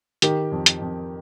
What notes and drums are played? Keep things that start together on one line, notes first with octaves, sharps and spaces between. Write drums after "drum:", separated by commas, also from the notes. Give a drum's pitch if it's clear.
D#3 G4, drum: hi-hat
F2
drum: hi-hat
F2